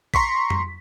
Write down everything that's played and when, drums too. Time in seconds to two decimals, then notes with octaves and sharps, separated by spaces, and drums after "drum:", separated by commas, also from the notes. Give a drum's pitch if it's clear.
0.14 A#5 C6 C#6 B6, drum: kick A#1
0.50 drum: tom F2